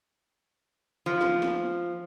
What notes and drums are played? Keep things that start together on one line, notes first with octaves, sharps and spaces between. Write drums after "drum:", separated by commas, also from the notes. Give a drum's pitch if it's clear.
F3
drum: snare
drum: snare